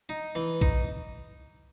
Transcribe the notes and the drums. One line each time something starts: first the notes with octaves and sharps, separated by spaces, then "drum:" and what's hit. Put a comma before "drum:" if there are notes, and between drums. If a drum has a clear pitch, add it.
D#4
E3
D#4, drum: kick A#1